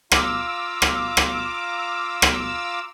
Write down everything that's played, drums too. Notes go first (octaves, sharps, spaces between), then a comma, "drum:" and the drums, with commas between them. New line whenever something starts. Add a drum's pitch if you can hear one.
F4 F5 A#5 D6 E6, drum: rim click
drum: rim click
drum: rim click
drum: rim click